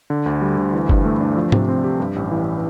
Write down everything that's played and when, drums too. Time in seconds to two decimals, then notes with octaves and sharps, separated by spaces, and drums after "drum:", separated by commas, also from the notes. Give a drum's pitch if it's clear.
0.10 D3
0.26 D2
0.42 G3
0.58 D2
0.73 E3
0.89 G2, drum: kick
1.05 A3
1.21 D4
1.37 F3
1.52 C3, drum: tom
1.69 C4
1.84 G4
2.00 G2
2.16 A1
2.31 E3